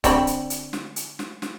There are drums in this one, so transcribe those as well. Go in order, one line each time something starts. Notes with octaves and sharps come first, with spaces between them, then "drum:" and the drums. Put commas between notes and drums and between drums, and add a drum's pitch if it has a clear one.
D3 C4 B5, drum: kick, hi-hat
drum: hi-hat
drum: hi-hat
drum: snare
drum: hi-hat
drum: snare
drum: snare